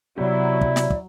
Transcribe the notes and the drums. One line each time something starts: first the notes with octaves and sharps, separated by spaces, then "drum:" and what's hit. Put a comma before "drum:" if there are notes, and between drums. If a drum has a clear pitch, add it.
C3 F#3 B3 E4 G4 D5
drum: kick
drum: snare
drum: kick